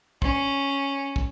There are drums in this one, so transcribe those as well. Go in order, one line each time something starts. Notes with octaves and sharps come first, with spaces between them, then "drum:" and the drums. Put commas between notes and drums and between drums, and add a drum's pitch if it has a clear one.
C#4, drum: kick
drum: kick